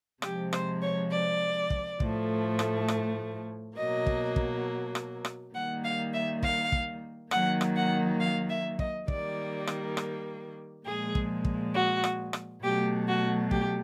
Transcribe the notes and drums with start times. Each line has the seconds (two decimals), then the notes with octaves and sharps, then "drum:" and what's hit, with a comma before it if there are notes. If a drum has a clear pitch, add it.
0.22 C3 F3 G#3 G4, drum: rim click
0.53 C5, drum: rim click
0.82 C#5
1.11 D5
1.70 drum: kick
2.00 A2 F3 A3, drum: kick
2.59 drum: rim click
2.88 drum: rim click
3.77 B2 F#3 A#3 D#5
4.06 drum: kick
4.36 drum: kick
4.95 drum: rim click
5.25 drum: rim click
5.54 D#3 G3 A#3 F#5
5.84 F5
6.13 E5
6.43 F5, drum: kick
6.72 drum: kick
7.31 D#3 F#3 A#3 F#5, drum: rim click
7.61 drum: rim click
7.76 F#5
8.20 F5
8.49 E5
8.79 D#5, drum: kick
9.08 D#3 G3 A#3 D5, drum: kick
9.67 drum: rim click
9.97 drum: rim click
10.85 A#2 F3 G#3 G#4
11.15 drum: kick
11.45 drum: kick
11.73 F#4
12.04 drum: rim click
12.33 drum: rim click
12.62 B2 F#3 A3 G4
13.08 F#4
13.51 G4, drum: kick